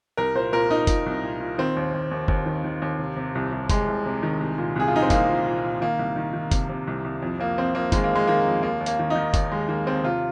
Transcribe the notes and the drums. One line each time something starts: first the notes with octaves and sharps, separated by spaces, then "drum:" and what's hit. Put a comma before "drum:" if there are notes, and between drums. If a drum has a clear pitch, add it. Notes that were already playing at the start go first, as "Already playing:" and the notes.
C2 A#4
A#2 C5
A#2 A#4
A#2 D#4
A#2, drum: kick, hi-hat
C2
A#2
A#2
D#3 C4
D#2
D#2
D#2
D#2, drum: kick
D#3
D#3
D#2
C3
C3
C2
C2
C3 G#3, drum: kick, hi-hat
C2
C3
D#3
C2
A#2
C2 G#4
F4
A#2 D#4
C4
C2 A#3, drum: kick, hi-hat
A#2
A#2
A#2
D#3 A#3
C2
D#3
D#3
C3, drum: kick, hi-hat
C3
C2
C2
F2
F2 A#3
F2 C4
F2 A#3
D#3 G#3, drum: kick, hi-hat
A#3
F2 G#3
D#3 A#3
F2
D#2 A#3
D#2
A#3, drum: hi-hat
D#3
D#4
D#3
D#2, drum: kick, hi-hat
D#2 G#3
D#3 A#3
D#2 C4
C3 F4